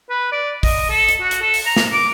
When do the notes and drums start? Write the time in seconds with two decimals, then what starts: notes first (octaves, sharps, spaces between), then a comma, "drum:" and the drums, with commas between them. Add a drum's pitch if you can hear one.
0.10 B4
0.32 D5
0.63 D#5, drum: kick, open hi-hat
0.90 A4
1.09 drum: hi-hat
1.21 F#4
1.31 drum: hi-hat
1.42 A4
1.54 drum: open hi-hat
1.66 A#5
1.76 drum: snare
1.93 D6